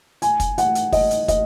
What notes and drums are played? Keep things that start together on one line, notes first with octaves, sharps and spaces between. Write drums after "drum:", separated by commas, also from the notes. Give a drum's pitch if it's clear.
G#5, drum: hi-hat
drum: kick, hi-hat
F#5, drum: hi-hat
drum: hi-hat
D#5, drum: kick, open hi-hat
drum: hi-hat
D#5, drum: kick, hi-hat